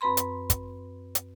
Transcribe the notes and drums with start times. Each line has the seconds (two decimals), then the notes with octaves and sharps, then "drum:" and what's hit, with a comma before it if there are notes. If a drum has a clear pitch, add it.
0.01 F#2 C4 B4 B5 C6
0.17 drum: hi-hat
0.50 drum: kick, hi-hat
1.15 drum: hi-hat